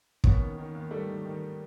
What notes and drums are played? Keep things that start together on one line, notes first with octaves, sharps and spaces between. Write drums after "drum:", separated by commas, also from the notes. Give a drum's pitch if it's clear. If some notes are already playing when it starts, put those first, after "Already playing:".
D#2 B3 C#4, drum: kick
D#3
D#3
D#2
D#2 G3 A3
D#3
D#3